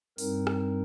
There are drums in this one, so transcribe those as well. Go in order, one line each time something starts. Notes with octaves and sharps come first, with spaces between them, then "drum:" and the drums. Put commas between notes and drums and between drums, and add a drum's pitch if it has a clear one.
G2 G3 C4 D#4 A#4, drum: open hi-hat
drum: rim click